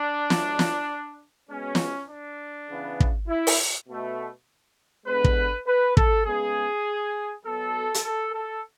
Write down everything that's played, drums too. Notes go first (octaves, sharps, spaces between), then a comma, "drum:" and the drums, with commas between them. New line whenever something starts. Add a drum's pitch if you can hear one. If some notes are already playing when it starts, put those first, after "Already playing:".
Already playing: D4
B2 F#3 A3, drum: snare
drum: snare
B2 G#3 B3 C#4
drum: snare
D4
C#3 E3 B3
drum: kick
E4
drum: open hi-hat
B2 A3
D3 G#3 B3 B4
drum: kick
B4
A4, drum: kick
C#3 G#3 B3 G#4
B2 F#3 B3 A4
drum: hi-hat
A4
A4